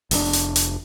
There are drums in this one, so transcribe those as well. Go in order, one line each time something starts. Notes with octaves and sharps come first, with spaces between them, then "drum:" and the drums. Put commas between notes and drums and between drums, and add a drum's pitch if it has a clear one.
F1 A#2 D4, drum: open hi-hat
drum: hi-hat
drum: hi-hat